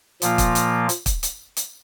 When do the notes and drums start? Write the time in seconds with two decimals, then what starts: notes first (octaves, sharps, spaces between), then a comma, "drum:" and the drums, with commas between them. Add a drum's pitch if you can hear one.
0.22 A#2 F3 A#3 F4, drum: hi-hat
0.38 drum: kick, hi-hat
0.55 drum: hi-hat
0.89 drum: hi-hat
1.06 drum: kick, hi-hat
1.23 drum: hi-hat
1.57 drum: hi-hat